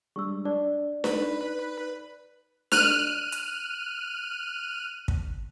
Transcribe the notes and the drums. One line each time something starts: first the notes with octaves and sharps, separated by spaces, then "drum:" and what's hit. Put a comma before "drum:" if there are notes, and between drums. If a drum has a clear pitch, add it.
G3 G#3 D4 C#6 E6
D4 D5
D#4 B4, drum: snare D4
F6 F#6 D#7, drum: snare D4
drum: hi-hat
drum: kick